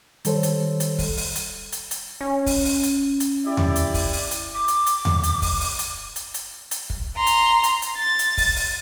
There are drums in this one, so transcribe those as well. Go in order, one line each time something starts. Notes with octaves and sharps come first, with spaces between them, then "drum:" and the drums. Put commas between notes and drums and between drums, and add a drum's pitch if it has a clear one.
D#3 G3 A4 C5 C#5, drum: hi-hat
drum: hi-hat
drum: hi-hat
drum: kick, open hi-hat
drum: open hi-hat
drum: hi-hat
drum: hi-hat
drum: hi-hat
C#4
drum: kick, open hi-hat
drum: open hi-hat
drum: hi-hat
drum: hi-hat
E4 G4 D5
drum: tom E2
drum: hi-hat
drum: kick, open hi-hat
drum: open hi-hat
drum: hi-hat
D6
drum: hi-hat
drum: hi-hat
drum: tom E2
drum: hi-hat
drum: kick, open hi-hat
drum: open hi-hat
drum: hi-hat
drum: hi-hat
drum: hi-hat
drum: hi-hat
drum: kick
A#5 C6
drum: hi-hat
drum: hi-hat
drum: hi-hat
A6
drum: hi-hat
drum: kick, open hi-hat
drum: open hi-hat